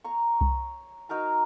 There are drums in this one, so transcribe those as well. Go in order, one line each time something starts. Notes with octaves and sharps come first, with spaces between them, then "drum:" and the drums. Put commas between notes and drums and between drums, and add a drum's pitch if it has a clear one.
C#5 A#5 C#6
drum: kick C2
D#4 F#4 A#4 A#5